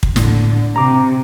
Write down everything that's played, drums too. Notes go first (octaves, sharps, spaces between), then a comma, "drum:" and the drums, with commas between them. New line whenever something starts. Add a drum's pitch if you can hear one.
drum: kick
A2 D3, drum: snare
C3 A#5 D6